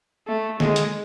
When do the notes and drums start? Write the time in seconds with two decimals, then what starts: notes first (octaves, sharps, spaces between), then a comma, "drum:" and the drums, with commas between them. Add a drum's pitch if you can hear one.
0.27 A3
0.60 G#3, drum: snare
0.76 drum: hi-hat